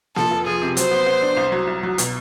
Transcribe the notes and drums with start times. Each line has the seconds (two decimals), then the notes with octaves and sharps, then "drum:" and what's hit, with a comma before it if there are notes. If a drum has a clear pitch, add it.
0.16 F3 A4, drum: snare A#3
0.31 F1
0.47 F3 G#4
0.62 C3
0.77 F#3 C5, drum: hi-hat
0.91 B3
1.06 B3
1.22 D4
1.37 C2
1.52 F#3
1.67 C2
1.83 F#3
1.98 B2, drum: hi-hat